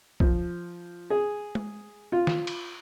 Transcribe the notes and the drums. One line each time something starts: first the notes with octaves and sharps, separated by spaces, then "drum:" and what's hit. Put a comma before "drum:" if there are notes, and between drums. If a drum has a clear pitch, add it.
F3, drum: kick A#1
G#4
drum: tom G#3
F4
drum: snare
drum: cymbal